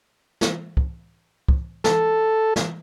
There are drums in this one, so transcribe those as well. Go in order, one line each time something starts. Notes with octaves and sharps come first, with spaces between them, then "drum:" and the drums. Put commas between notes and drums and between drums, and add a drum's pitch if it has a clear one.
drum: snare
drum: kick
drum: kick
A4, drum: snare
drum: snare